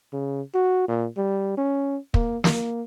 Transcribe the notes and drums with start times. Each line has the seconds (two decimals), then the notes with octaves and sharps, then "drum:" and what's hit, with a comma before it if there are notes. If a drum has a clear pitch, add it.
0.13 C#3
0.54 F#4
0.88 A#2
1.17 G3
1.57 C#4
2.14 A#3, drum: kick
2.44 A#3, drum: snare